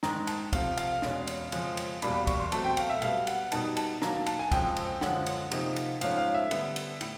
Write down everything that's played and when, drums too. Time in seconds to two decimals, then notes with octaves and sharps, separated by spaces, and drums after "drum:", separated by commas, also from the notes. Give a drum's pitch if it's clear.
0.03 G#2 D#3 G#3 A#5, drum: snare
0.27 A5, drum: cymbal
0.53 C3 F3 A3 C4 F5, drum: kick, cymbal
0.77 F5, drum: cymbal
1.02 E2 B2 G#3 C#4, drum: snare
1.27 drum: cymbal
1.52 F2 C#3 F3 G#3 C#4, drum: cymbal
1.77 drum: cymbal
2.02 E2 B2 G3 A#3 D4 B5, drum: cymbal
2.14 B5
2.27 C#6, drum: kick, cymbal
2.40 C6
2.52 B2 F#3 A3 C4 A5, drum: cymbal
2.64 G5
2.77 F5, drum: cymbal
2.90 E5
3.02 B2 G3 B3 F5, drum: cymbal
3.27 F#5, drum: cymbal
3.52 B2 G3 B3 D#4 A5, drum: cymbal
3.77 A5, drum: cymbal
4.02 D#3 F#3 A#3 A#5, drum: snare
4.14 A5
4.26 A5, drum: cymbal
4.39 G#5
4.52 F2 C#3 F3 G#3 G5, drum: kick, cymbal
4.77 drum: cymbal
5.01 F#2 D3 F3 G#3 C#4 F#5, drum: snare
5.26 drum: cymbal
5.51 C3 F3 A#3 D#4, drum: cymbal
5.76 drum: cymbal
6.01 G#2 F3 A3 C#4 F5, drum: cymbal
6.18 F5
6.34 E5
6.51 D3 G3 B3, drum: cymbal
6.76 drum: cymbal
7.01 A2, drum: cymbal